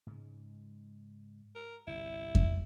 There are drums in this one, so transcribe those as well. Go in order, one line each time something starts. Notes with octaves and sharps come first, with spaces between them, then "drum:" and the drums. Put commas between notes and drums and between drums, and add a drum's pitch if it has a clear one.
G#2 C#3 G#3
A#4
G1 C2 D3 E4
drum: kick F2